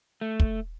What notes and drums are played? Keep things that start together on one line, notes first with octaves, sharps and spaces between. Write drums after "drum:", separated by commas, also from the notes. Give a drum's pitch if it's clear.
A3
drum: kick